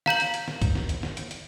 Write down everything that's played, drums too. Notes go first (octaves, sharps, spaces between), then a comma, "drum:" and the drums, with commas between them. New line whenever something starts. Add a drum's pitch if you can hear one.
F5 A#5 G6 F#7, drum: snare
drum: hi-hat
drum: hi-hat
drum: snare
drum: kick C2, hi-hat
drum: snare
drum: hi-hat
drum: snare
drum: hi-hat
drum: hi-hat